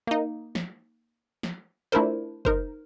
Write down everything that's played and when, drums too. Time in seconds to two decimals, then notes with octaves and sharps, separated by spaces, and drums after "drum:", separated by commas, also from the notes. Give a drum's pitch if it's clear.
0.07 A#3 D#4
0.55 drum: snare
1.43 drum: snare
1.92 A3 D4 E4 F4 A#4 C5
2.45 D#4 A#4 C5, drum: kick